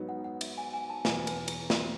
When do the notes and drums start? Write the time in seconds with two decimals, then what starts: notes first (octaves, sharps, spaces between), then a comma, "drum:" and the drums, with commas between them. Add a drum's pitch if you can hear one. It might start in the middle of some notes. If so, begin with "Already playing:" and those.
Already playing: G#2 F#3 B3 D#4
0.09 F#5
0.24 F#5
0.41 E5, drum: cymbal
0.58 G#5
0.73 G#5
0.90 A5
1.05 E2 B2 F#3 B3 G#5, drum: snare
1.27 B4, drum: cymbal
1.48 E4, drum: cymbal
1.70 F#4, drum: snare